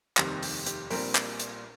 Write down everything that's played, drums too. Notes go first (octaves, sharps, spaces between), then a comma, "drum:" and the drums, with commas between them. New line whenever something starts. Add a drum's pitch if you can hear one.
F1 D#2 D#3 G3 C4 G4, drum: clap
G4, drum: open hi-hat
G4, drum: hi-hat
A#1 A#2 G3 C4 A#4, drum: open hi-hat
drum: clap
drum: hi-hat